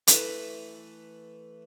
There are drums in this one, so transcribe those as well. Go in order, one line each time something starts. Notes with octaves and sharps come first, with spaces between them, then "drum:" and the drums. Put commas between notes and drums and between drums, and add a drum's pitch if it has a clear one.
E3 A3 B4, drum: hi-hat